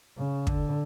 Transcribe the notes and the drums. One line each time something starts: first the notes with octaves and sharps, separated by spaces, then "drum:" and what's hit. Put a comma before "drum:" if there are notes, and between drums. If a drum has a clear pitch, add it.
C#3
D3, drum: kick